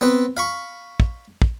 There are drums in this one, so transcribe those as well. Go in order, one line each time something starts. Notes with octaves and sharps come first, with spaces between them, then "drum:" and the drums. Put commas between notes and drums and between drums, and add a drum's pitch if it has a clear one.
B3 C4 B4
F5 B5 C#6
drum: kick
drum: kick